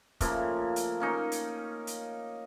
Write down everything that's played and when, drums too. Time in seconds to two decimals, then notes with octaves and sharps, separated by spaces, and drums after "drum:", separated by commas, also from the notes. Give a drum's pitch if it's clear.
0.20 C#3 F3 A3 A#3, drum: kick, hi-hat
0.76 drum: hi-hat
1.00 A#3 C#4 D#4
1.32 drum: hi-hat
1.87 drum: hi-hat